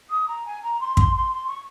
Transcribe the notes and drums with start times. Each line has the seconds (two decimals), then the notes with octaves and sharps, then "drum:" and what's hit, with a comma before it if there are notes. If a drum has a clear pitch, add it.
0.10 D#6
0.27 A#5
0.45 G#5
0.63 A#5
0.80 C6
0.97 C6, drum: kick
1.15 C6
1.32 C6
1.47 C#6